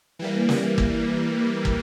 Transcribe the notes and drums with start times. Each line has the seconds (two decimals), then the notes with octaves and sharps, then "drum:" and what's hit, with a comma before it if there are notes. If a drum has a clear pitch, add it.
0.19 E3 G3 A#3
0.49 drum: snare
0.78 drum: kick
1.65 drum: kick